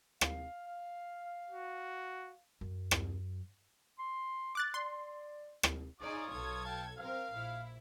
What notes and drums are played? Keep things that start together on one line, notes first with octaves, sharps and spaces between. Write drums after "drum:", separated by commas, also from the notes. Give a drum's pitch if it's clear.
F5, drum: rim click
F#4
F#2
drum: rim click
C6
D6 F#6 A6
D5 C6
drum: rim click
D#4 F4 G#4 C#5 D5 D#6
B1 A4 G#6
F5 G5 A5
C4 A#4 F5
A#1 E4